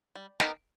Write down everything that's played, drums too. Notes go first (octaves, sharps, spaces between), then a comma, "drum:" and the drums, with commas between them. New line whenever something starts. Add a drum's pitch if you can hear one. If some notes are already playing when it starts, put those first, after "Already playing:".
G3
B3 D#4 G4 A#4, drum: snare